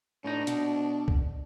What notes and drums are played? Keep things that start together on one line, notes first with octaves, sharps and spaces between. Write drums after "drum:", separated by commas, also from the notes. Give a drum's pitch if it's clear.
A2 D4 D#4
B2, drum: hi-hat
drum: kick C2